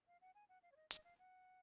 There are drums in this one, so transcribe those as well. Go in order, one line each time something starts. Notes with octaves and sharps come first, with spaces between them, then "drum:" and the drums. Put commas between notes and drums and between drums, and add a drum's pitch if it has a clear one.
F5
F#5
G#5
F#5
F5
C#5
D#5
D#5, drum: hi-hat
F5
F#5